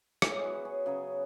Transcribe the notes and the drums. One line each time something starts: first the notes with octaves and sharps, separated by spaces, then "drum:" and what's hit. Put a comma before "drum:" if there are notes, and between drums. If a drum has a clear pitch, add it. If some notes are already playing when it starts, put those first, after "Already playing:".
E3 G#3 B3 G#4 C#5, drum: rim click
F#4 B4
G#4 C#5
C#3 F#3 B3 G#4 C#5